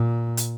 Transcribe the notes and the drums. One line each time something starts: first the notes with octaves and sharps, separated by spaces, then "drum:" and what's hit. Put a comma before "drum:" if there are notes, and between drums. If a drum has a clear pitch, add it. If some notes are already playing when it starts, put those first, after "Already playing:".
Already playing: A#2
drum: hi-hat